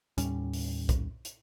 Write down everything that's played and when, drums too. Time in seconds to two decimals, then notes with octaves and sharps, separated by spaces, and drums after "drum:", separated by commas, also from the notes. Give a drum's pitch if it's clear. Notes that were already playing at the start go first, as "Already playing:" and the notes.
0.18 D#2 A2 G3 C#4, drum: hi-hat
0.53 drum: open hi-hat
0.89 drum: kick B1, hi-hat
1.25 drum: hi-hat